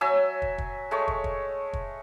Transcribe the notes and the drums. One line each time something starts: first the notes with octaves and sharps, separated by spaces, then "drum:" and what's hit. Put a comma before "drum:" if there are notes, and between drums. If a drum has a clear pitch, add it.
F#3 E5 G#5 E6
drum: kick
drum: kick
G#3 A3 C#5
drum: kick
drum: kick
drum: kick